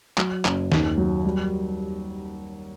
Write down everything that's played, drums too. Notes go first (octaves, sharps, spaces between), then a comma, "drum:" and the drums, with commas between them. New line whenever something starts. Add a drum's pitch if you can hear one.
F#3, drum: clap
F#1, drum: clap
D#2, drum: snare
F#3
G3